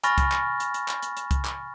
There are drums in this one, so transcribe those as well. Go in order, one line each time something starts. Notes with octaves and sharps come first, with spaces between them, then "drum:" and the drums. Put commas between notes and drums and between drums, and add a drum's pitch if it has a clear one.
G#5 B5 C#6 F6 A6 A#6, drum: hi-hat
drum: kick C2, hi-hat
drum: clap
drum: hi-hat
drum: hi-hat
drum: clap
drum: hi-hat
drum: hi-hat
drum: kick C2, hi-hat
drum: clap